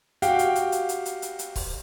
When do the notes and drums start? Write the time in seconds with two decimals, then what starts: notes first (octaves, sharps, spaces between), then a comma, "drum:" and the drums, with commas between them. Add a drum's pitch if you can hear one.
0.22 F#4 G4 F5 G5, drum: hi-hat
0.39 drum: hi-hat
0.56 drum: hi-hat
0.72 drum: hi-hat
0.89 drum: hi-hat
1.06 drum: hi-hat
1.22 drum: hi-hat
1.39 drum: hi-hat
1.56 drum: kick C#1, open hi-hat